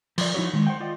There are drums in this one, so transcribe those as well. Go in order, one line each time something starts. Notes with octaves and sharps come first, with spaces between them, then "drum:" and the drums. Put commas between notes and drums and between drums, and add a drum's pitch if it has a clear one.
F3 D5, drum: cymbal
F3 D#4 E4 F#4 C#5
D#3 G#3
C5 F#5 G5
F4 D5 D#5